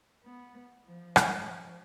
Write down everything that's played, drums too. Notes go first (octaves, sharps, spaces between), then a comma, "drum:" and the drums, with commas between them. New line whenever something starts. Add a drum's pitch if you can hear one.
B3
F3
G#3, drum: rim click
F3